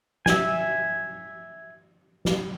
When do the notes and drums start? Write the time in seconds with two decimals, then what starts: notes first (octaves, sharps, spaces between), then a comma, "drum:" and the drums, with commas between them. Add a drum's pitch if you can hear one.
0.26 E5 G#5, drum: snare
2.25 drum: snare